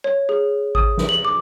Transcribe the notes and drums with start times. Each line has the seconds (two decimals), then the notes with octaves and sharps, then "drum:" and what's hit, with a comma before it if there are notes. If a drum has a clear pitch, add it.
0.04 C#5
0.29 G#4
0.75 D#6, drum: kick G#1
0.98 drum: snare
1.09 F#7
1.25 D6